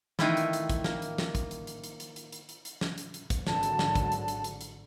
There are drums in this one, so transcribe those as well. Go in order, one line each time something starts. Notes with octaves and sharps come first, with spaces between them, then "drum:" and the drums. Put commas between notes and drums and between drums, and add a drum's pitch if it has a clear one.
D#3 E3 A3 C4 E4 F4, drum: snare
drum: hi-hat
drum: hi-hat
drum: kick, hi-hat
A#3, drum: snare
drum: hi-hat
drum: snare
drum: kick, hi-hat
drum: hi-hat
drum: hi-hat
drum: hi-hat
drum: hi-hat
drum: hi-hat
drum: hi-hat
drum: hi-hat
drum: hi-hat
drum: snare
drum: hi-hat
drum: hi-hat
drum: kick, hi-hat
G#1 D3 F#3 A5, drum: snare
drum: hi-hat
drum: snare
drum: kick, hi-hat
drum: hi-hat
drum: hi-hat
drum: hi-hat
drum: hi-hat